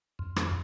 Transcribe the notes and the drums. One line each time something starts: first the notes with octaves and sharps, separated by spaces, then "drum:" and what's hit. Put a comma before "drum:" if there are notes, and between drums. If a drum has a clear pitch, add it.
F2
drum: rim click